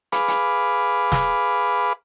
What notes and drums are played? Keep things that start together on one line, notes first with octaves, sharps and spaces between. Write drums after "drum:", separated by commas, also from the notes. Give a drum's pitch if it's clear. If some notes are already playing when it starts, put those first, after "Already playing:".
G#4 B4 F5 B5 D6, drum: hi-hat
drum: hi-hat
drum: snare